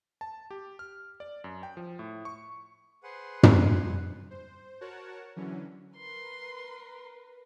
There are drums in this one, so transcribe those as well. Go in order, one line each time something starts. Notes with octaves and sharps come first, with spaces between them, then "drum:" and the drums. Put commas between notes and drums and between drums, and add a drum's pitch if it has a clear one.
A5
G4
F6
D5
F#2
G5
F3
A2
C#6
G#4 B4 C5 F#5
drum: tom
C5
F#4 A#4 C#5 F#5 A5
D3 E3 F#3 C#4
A#4 B4 C6